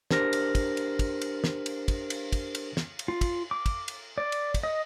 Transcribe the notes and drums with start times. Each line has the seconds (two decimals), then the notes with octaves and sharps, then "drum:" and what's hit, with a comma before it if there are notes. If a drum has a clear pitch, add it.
0.11 D4 G4 A#4 C5 F6 A#6, drum: snare
0.33 drum: cymbal
0.55 drum: kick, cymbal
0.77 drum: cymbal
0.99 drum: kick, cymbal
1.21 drum: cymbal
1.44 drum: snare
1.66 drum: cymbal
1.88 drum: kick, cymbal
2.10 drum: cymbal
2.32 drum: kick, cymbal
2.55 drum: cymbal
2.77 drum: snare
2.99 drum: cymbal
3.08 F4
3.21 drum: kick, cymbal
3.51 D6
3.66 drum: kick, cymbal
3.88 drum: cymbal
4.18 D5
4.32 drum: cymbal
4.54 drum: kick, cymbal
4.63 D#5